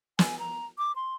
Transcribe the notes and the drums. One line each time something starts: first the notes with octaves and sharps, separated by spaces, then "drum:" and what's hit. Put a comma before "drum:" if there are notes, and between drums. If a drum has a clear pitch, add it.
G#5, drum: snare
A#5
D6
C6